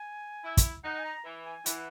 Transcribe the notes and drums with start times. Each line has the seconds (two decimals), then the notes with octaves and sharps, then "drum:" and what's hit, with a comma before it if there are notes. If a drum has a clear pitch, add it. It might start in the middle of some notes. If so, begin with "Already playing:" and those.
Already playing: G#5
0.44 E4
0.57 drum: kick, hi-hat
0.84 D#4 F#5
0.99 G#5
1.05 A#5
1.25 E3
1.45 G#5
1.66 E3 F#5, drum: hi-hat